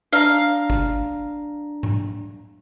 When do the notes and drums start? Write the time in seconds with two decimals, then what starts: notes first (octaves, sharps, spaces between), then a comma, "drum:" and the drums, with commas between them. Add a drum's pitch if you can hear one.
0.13 D4 F5 A#5
0.70 drum: kick
1.83 drum: tom G#2